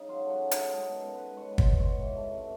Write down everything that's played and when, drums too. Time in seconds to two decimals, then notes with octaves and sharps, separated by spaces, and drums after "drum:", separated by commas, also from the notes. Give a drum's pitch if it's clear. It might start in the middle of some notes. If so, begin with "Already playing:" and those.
Already playing: C#3 D#4
0.08 F#3 F4
0.25 A3 F#4
0.41 C#3
0.51 G#4, drum: hi-hat
0.57 C#3
0.73 G#3 A4
0.89 B2 A#4
1.05 B2
1.15 G#3 B4
1.37 G#3 C#5
1.52 B2 B4
1.58 C5, drum: kick
1.69 B2
1.80 G#3 C#5
2.01 E3
2.16 A3
2.33 C3